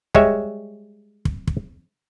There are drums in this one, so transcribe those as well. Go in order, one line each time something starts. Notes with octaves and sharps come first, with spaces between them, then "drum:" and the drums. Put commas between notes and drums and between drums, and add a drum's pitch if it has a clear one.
G3 G#3 C#5 E5, drum: kick
drum: kick
drum: kick